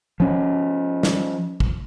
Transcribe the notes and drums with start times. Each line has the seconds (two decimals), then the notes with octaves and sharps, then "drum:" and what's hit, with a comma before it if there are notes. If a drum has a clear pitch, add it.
0.20 F3 C#4
1.03 drum: snare
1.60 drum: kick